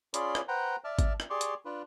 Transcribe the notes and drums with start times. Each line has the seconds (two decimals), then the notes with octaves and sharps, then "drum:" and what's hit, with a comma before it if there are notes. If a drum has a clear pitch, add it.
0.14 C#4 F4 G#4 D5 B5 C6, drum: hi-hat
0.35 drum: rim click
0.48 B4 C5 F#5 G5 A#5
0.84 D5 E5 A5 F6
0.99 drum: kick G#1, hi-hat
1.20 drum: rim click
1.30 G4 G#4 D5 C6 C#6
1.41 drum: hi-hat
1.65 D4 F4 B4